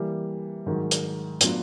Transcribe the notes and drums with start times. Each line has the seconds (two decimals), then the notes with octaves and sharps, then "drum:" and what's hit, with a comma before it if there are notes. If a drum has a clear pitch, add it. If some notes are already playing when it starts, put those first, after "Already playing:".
Already playing: E3 G3 A#3
0.66 G#2 D#3 F#3
0.91 drum: hi-hat
1.41 A2 F#3 B3 D4 F4, drum: hi-hat